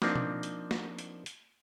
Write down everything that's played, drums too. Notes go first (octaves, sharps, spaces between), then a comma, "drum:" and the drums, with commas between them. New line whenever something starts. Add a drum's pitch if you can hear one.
F3 A#3 C4 D4 D#4, drum: snare
drum: tom B2
drum: hi-hat
drum: snare
drum: hi-hat
drum: hi-hat